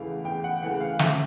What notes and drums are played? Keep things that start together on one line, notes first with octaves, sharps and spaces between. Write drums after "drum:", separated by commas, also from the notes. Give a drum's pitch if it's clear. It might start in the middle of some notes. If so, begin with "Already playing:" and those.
Already playing: E2 C#3 E3 A3 F5
E2 G5
F#5
C#3 E3 A3 F#5
F5
F#2 E5, drum: snare